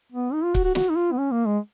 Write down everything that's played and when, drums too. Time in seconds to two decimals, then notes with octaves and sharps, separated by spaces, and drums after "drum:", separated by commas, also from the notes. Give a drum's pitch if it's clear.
0.12 B3
0.33 D#4
0.44 F4
0.55 F#4, drum: kick C#1
0.65 F#4
0.75 F#4, drum: snare
0.90 D#4
0.96 F4
1.12 B3
1.18 C#4
1.32 A#3
1.46 G#3